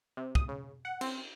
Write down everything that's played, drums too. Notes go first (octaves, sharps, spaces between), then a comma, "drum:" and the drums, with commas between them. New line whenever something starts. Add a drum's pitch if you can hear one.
C3
D#6, drum: kick
C#3
F#5
C4, drum: cymbal